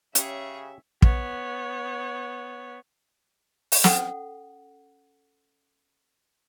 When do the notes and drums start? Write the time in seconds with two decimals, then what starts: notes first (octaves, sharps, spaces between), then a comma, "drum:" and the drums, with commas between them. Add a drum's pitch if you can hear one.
0.15 C#3 C#4 G4 G#4 C#5 E5, drum: hi-hat
1.02 B3 C#5, drum: kick
3.72 drum: open hi-hat
3.84 C#4 A4 F#5, drum: snare